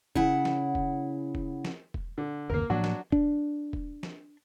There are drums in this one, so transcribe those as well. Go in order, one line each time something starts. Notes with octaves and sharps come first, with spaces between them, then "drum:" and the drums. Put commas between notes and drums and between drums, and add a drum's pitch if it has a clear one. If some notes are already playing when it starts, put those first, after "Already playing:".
C#3 E4 F#5, drum: kick E1
drum: snare
drum: kick E1
drum: kick E1
drum: snare
drum: kick E1
D3
G1 D#2 C#3 A#3 A#4
A2 F3 F#3 A#3 D4 F#4
drum: snare
D4, drum: kick E1
drum: kick E1
drum: snare